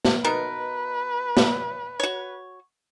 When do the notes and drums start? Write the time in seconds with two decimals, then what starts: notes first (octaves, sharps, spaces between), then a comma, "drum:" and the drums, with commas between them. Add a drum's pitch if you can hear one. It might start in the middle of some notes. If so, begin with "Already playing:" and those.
0.05 drum: snare
0.24 B2 D#4 A#4 B4
1.37 drum: snare
2.00 F#4 C#5